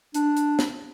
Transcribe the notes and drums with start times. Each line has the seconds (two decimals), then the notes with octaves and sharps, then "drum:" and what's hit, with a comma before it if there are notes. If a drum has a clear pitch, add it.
0.14 D4, drum: hi-hat
0.37 drum: hi-hat
0.59 drum: snare